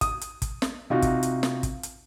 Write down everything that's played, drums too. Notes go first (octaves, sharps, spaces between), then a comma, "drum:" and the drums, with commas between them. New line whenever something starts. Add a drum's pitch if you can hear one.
D#6, drum: kick, hi-hat
drum: hi-hat
drum: kick, hi-hat
drum: snare
C3 D#4 F4 F#4
drum: kick, hi-hat
drum: hi-hat
drum: snare
drum: kick, hi-hat
drum: hi-hat